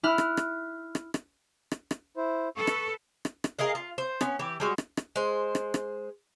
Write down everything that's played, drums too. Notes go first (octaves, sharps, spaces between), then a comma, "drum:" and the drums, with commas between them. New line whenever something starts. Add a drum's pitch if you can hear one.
E4 F6 F#6
drum: rim click
drum: rim click
drum: rim click
drum: rim click
drum: rim click
drum: rim click
E4 C5
A4 B4 C#6
drum: rim click
drum: rim click
drum: rim click
G#4 A#4 D#5 F5
F4
C5
B3 C#4, drum: rim click
E3 G4
G3 G#3 F#4
drum: rim click
drum: rim click
G#3 C5
drum: rim click
drum: rim click